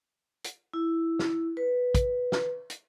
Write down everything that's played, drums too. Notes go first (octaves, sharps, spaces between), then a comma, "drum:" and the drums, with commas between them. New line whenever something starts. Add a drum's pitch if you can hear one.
drum: hi-hat
E4
drum: snare
B4
drum: kick, hi-hat
drum: snare
drum: hi-hat